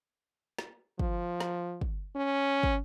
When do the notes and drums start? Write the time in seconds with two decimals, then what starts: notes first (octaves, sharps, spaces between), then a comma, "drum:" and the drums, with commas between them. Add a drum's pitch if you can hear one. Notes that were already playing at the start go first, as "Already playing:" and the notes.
0.58 drum: snare
0.99 F3, drum: kick
1.40 drum: snare
1.81 drum: kick
2.16 C#4
2.63 drum: kick